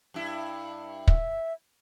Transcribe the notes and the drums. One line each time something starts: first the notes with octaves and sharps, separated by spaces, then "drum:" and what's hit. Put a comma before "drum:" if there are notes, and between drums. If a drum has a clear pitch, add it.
G2 E4
E5, drum: kick